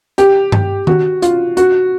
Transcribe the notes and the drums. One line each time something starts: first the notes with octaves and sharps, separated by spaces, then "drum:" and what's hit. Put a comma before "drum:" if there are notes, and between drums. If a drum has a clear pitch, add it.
G4, drum: hi-hat
drum: tom G2
F#4, drum: tom D#3
F4, drum: hi-hat
F#4, drum: hi-hat